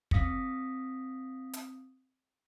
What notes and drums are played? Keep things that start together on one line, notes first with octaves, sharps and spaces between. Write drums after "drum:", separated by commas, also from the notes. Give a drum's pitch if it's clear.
C4 F5 D#6 A#6 B6 C#7, drum: kick
drum: hi-hat